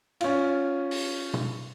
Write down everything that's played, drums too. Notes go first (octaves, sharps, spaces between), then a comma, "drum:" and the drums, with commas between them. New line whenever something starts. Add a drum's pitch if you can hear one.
C#4 F4, drum: cymbal
drum: open hi-hat
drum: tom